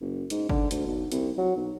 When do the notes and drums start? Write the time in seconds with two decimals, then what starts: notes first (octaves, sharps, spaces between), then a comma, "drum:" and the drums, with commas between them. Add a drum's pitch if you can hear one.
0.01 F#1
0.30 G#2, drum: hi-hat
0.49 D3, drum: kick G1
0.71 D2, drum: hi-hat
0.87 B1
1.12 C2, drum: hi-hat
1.38 F#3
1.56 B1